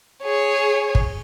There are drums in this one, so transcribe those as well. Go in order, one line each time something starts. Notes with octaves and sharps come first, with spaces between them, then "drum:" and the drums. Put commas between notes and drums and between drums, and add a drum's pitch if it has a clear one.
G#4 C#5
drum: kick